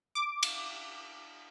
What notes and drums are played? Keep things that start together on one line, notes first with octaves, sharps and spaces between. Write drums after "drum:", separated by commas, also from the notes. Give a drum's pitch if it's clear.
D6
drum: cymbal